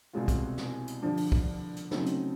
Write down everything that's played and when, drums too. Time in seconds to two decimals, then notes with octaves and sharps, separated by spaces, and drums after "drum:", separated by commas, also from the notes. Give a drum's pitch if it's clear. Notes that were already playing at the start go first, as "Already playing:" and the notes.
0.13 C2 B2 G#3 C4 F4
0.28 drum: kick, hi-hat
0.58 drum: snare
0.87 drum: hi-hat
1.02 G2 D3 F3
1.17 drum: open hi-hat
1.32 drum: kick
1.76 drum: hi-hat
1.91 C#3 F#3 A3 C4 D#4, drum: snare
2.06 drum: hi-hat